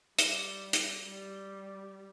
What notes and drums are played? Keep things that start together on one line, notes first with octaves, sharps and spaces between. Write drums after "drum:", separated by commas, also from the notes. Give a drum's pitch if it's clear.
G3, drum: hi-hat
drum: hi-hat
G3